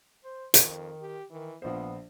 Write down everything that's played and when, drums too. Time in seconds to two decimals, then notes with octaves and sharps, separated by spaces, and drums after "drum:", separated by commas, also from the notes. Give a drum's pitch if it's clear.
0.25 C5
0.54 F2 D#3, drum: hi-hat
1.01 G4
1.31 D#3 E3
1.62 A#1 F3 B3 C5